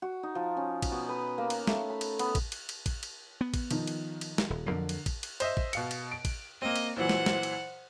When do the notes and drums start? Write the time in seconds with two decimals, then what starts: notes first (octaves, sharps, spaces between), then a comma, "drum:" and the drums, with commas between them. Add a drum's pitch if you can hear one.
0.02 F#4
0.23 D#4
0.35 F3
0.57 C#4
0.82 drum: kick, cymbal
0.92 B2
1.09 B4
1.38 A#3
1.50 drum: cymbal
1.67 A3, drum: snare
1.90 B5
2.01 drum: cymbal
2.19 B3, drum: cymbal
2.35 drum: kick, cymbal
2.52 drum: cymbal
2.69 drum: cymbal
2.86 drum: kick, cymbal
3.03 drum: cymbal
3.41 B3
3.54 drum: kick, cymbal
3.71 D#3 F3 D#4, drum: cymbal
3.87 drum: cymbal
4.21 drum: cymbal
4.38 drum: snare
4.50 D#1
4.67 F2 D3 F3 F#3 A#4 C7
4.89 drum: cymbal
5.06 drum: kick, cymbal
5.23 drum: cymbal
5.40 C5 D#5 E5, drum: cymbal
5.57 drum: kick
5.73 B2 F5 C#7, drum: cymbal
5.91 drum: cymbal
6.11 D7
6.25 drum: kick, cymbal
6.62 A#3 C4 D#5
6.76 drum: cymbal
6.96 A#2 E3 F#3 C5 F#5
7.09 drum: snare
7.26 drum: snare
7.43 drum: cymbal